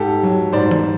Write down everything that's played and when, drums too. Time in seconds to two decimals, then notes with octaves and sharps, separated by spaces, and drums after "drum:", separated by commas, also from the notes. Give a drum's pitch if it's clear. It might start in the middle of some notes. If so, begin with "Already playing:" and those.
Already playing: G#2 G4 A4
0.23 F#3
0.52 G#2 C5 D5
0.71 drum: tom D#3